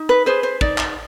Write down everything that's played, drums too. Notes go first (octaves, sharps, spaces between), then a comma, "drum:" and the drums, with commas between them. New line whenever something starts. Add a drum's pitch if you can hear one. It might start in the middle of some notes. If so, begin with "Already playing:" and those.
Already playing: D#4
B4
G#4 B4 C5
C5
D#4 D5, drum: kick
drum: clap